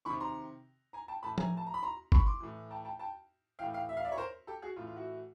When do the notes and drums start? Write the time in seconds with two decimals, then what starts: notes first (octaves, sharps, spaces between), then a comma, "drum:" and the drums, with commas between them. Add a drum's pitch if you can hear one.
0.05 D#3 B5 C#6
0.10 C3
0.20 A#5 C6
0.93 G#5 A#5
1.08 G5 A5
1.23 A2 E3 A5 B5
1.38 G#5 A#5, drum: tom F3
1.57 A5
1.66 A#5
1.74 B5
1.83 A#5 C6
2.12 B5 C#6, drum: kick
2.26 C6 D6
2.41 A2 E3
2.71 G5 A5
2.85 G5 A5
2.99 G5 A5
3.59 A2 E3 F5 G5
3.74 F5 G5
3.89 E5
3.97 F5
4.05 D5 E5
4.12 C#5
4.18 A#4 C5
4.47 G4 A4
4.62 F#4 G#4
4.76 A2 E3 F4
4.87 F4
4.96 E4 F#4